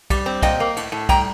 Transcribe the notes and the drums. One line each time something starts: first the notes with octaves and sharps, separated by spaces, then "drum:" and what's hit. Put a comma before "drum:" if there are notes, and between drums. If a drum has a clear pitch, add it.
G3, drum: kick, cymbal
C4
A#2 D#5 G5, drum: kick, cymbal
A#3
A2, drum: cymbal
A2
G3 G5 A#5, drum: kick, cymbal